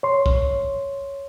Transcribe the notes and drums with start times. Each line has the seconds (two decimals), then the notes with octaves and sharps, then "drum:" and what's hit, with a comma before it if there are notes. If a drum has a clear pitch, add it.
0.03 C#5 C6
0.26 drum: kick